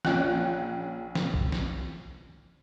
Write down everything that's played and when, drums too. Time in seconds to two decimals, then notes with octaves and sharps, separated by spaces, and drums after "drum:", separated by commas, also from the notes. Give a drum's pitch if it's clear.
0.05 A#1 C#4 G5 F#6, drum: snare
1.15 drum: snare
1.34 drum: kick B1
1.52 drum: snare